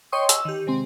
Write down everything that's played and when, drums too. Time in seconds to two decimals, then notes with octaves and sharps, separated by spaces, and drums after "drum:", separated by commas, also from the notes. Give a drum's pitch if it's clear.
0.12 C#5 D#5 G5 C6 C#6 D#6
0.29 E6, drum: hi-hat
0.45 D#3 G4
0.67 C3 G#3 C4